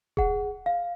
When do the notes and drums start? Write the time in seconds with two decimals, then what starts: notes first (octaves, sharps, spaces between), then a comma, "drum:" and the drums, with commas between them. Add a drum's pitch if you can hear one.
0.17 G#4 F#5, drum: kick D#1
0.66 F5